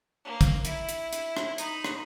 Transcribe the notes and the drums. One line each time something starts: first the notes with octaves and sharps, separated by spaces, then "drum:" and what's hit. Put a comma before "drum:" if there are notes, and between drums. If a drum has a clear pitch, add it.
A#3
drum: kick, hi-hat
E4, drum: hi-hat
drum: hi-hat
drum: hi-hat
drum: rim click
D#4 B5, drum: hi-hat
drum: rim click